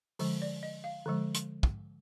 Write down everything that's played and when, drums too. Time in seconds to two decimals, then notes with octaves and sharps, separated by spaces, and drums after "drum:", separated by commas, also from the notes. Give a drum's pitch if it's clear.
0.19 D3 F3 G#3, drum: open hi-hat
0.42 D5
0.63 D#5
0.84 F5
1.06 D3 F3 G#3
1.34 drum: hi-hat
1.63 drum: kick